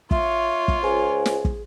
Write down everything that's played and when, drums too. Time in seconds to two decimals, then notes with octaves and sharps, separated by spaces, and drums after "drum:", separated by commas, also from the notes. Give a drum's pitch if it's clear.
0.11 F4 C#5 E5, drum: kick
0.68 drum: kick
0.83 C#2 G#4 C5 G#5
1.25 drum: snare
1.45 drum: kick